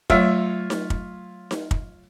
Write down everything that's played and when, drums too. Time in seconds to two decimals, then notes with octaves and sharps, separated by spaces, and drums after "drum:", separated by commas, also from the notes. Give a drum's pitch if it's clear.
0.10 F#3 A3 F4 C#5 E5 F#5, drum: kick
0.70 drum: snare D#4
0.90 drum: kick
1.51 drum: snare D#4
1.71 drum: kick